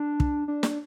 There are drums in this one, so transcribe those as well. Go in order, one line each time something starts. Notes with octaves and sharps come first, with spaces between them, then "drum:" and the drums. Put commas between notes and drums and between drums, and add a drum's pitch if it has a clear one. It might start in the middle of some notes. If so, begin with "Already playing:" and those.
Already playing: D4
drum: kick
D4
drum: snare